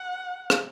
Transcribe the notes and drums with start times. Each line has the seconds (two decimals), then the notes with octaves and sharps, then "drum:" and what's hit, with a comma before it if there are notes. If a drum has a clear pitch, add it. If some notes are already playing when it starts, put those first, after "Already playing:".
Already playing: F#5
0.50 drum: rim click